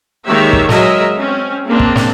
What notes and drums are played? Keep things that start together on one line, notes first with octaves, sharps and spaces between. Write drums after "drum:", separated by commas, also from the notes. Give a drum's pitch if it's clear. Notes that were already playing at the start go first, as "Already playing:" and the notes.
D#3 G#3 A#3 G4 C#5 E5
drum: kick
F#3 G#3 G#4 A#4 D#5 E5, drum: snare
C4 C#4
G#3 A#3 C4 D4
drum: kick
drum: snare